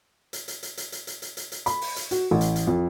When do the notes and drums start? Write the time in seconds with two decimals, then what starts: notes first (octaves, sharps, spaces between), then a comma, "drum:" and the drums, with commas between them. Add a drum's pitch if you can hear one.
0.33 drum: hi-hat
0.48 drum: hi-hat
0.63 drum: hi-hat
0.77 drum: hi-hat
0.92 drum: hi-hat
1.07 drum: hi-hat
1.22 drum: hi-hat
1.37 drum: hi-hat
1.52 drum: hi-hat
1.66 B5, drum: hi-hat
1.81 drum: open hi-hat
1.96 drum: hi-hat
2.11 F#4, drum: hi-hat
2.31 A1
2.41 drum: hi-hat
2.56 drum: hi-hat
2.67 F2